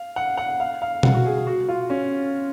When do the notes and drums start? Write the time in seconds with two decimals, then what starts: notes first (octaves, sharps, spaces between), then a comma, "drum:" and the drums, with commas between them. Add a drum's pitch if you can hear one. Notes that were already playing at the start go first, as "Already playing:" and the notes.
Already playing: F5
0.16 F#5
0.38 F#5
0.60 F5
0.82 F5
1.03 F#5, drum: tom B2
1.14 F#4
1.25 G#4
1.47 F#4
1.69 F4
1.90 C#4